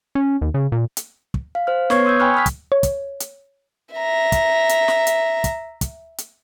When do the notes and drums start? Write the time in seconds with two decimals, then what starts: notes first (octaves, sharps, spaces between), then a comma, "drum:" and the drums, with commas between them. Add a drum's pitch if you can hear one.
0.15 C#4
0.42 D#2
0.54 C#3
0.72 A#2
0.97 drum: hi-hat
1.34 drum: kick
1.55 F5
1.67 C5 F6
1.90 B3 B4 C#5 C#6 G#6 C7, drum: snare
2.05 C6 D#6 E6 G6 G#6
2.19 G5 G#5 B5 C#6 F6 F#6
2.34 B5 D#6 F6 B6
2.46 drum: kick, hi-hat
2.72 C#5
2.83 drum: kick, hi-hat
3.20 drum: hi-hat
3.94 E5 A#5
4.32 drum: kick, hi-hat
4.69 drum: hi-hat
4.88 drum: snare
5.07 drum: hi-hat
5.44 drum: kick, hi-hat
5.81 drum: kick, hi-hat
6.18 drum: hi-hat